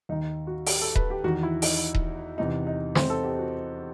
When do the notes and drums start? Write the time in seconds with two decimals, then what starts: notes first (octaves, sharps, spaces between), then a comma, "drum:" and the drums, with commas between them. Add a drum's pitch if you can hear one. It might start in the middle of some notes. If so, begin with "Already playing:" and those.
0.09 D#2 D#3 D#4
0.47 F#4
0.67 G4, drum: open hi-hat
0.81 A4
0.95 B4, drum: kick D#1
1.10 G4
1.24 E2 D#3 F#4
1.43 E4
1.62 D#4, drum: open hi-hat
1.94 drum: kick D#1
2.38 E2 C3 E3 D#4
2.67 D#4
2.95 C4, drum: snare
3.10 A4
3.24 G4
3.39 F#4